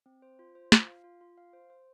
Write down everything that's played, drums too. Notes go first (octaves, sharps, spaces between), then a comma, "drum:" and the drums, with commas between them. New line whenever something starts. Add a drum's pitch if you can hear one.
C4
C5
F4
C5
F4, drum: snare
F5
F4
F4
F5
C5
C5